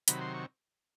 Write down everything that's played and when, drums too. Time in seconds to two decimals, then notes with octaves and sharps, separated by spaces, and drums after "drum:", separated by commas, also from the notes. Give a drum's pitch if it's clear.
0.08 C3 D#3 F#3 B5, drum: hi-hat
0.21 C6
0.34 C#6